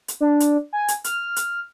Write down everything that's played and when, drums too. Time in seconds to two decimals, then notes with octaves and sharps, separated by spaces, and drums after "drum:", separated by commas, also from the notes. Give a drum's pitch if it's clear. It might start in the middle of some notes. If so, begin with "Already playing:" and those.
0.08 drum: hi-hat
0.20 D4
0.40 drum: hi-hat
0.73 G#5
0.88 drum: hi-hat
1.04 F6, drum: hi-hat
1.36 drum: hi-hat